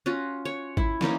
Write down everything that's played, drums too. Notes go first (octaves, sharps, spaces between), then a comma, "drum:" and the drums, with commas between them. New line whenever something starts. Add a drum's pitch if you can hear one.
C#4 F4 F#4
C#5
E4, drum: kick G#1
E3 A#3 C#4 D#4, drum: snare